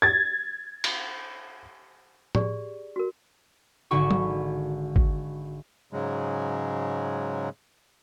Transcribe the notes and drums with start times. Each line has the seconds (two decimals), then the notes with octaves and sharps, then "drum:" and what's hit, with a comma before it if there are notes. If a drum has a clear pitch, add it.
0.02 G#6 A6
0.84 drum: cymbal
2.35 G4 G#4 D5, drum: tom A2
2.96 F#4 A#4
3.91 G#1 D3 F#4 B5 C#6
4.11 drum: tom F#3
4.96 drum: kick
5.93 G#2 C#3 F#3 G#3